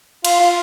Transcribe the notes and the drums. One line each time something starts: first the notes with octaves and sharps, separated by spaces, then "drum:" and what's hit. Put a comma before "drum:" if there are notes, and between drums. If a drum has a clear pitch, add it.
F4, drum: cymbal
F4